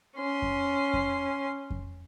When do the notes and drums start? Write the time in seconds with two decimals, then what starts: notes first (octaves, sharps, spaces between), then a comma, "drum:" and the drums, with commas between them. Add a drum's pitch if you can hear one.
0.17 C#4 C6
0.42 drum: kick F2
0.94 drum: kick F2
1.70 drum: kick F2